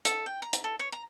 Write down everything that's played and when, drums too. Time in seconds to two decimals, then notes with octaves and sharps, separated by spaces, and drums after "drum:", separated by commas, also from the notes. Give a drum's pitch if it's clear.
0.05 A4, drum: hi-hat
0.26 G5
0.42 A#5
0.53 drum: hi-hat
0.64 A4
0.79 C#5
0.92 A#5